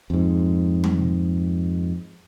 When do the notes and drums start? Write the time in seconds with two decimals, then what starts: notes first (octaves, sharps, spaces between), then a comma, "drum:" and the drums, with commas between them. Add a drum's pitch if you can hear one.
0.10 F2 G#2
0.84 drum: tom